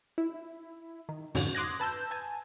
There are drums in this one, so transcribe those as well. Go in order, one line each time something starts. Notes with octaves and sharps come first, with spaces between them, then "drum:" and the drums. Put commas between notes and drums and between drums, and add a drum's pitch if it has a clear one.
E4
D#3
F2 G#2 D3 C#4 F#4, drum: open hi-hat
C6 D6 D#6 F#6 G#6 A#6
B4 A5 E6 G6
G#5 A5